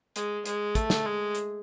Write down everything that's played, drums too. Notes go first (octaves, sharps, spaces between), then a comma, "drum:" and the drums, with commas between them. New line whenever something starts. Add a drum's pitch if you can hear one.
G#3, drum: hi-hat
G#3, drum: hi-hat
A3, drum: kick, hi-hat
drum: snare
G#3
drum: hi-hat